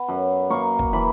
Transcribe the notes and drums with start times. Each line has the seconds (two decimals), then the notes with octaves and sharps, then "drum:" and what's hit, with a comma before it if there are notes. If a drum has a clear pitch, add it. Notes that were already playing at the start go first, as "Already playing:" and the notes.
Already playing: B3
0.08 F#2
0.50 A#3 C#6
0.79 drum: kick
0.93 E3 B5